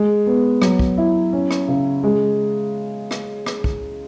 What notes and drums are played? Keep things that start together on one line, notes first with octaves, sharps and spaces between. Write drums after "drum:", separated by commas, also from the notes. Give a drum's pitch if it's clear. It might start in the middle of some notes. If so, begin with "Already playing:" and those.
Already playing: G#3
B3
F#3, drum: rim click
drum: kick
E4
C#4
drum: rim click
C#3
G#3
drum: rim click
drum: rim click
drum: kick